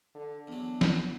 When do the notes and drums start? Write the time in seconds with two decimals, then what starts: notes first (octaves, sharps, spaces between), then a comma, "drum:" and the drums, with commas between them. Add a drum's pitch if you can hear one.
0.15 D3
0.47 E2 F#3 D4
0.81 drum: snare